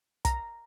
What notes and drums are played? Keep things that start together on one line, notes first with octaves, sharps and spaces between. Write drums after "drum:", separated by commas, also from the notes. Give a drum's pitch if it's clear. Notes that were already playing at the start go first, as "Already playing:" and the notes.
A#5, drum: kick, hi-hat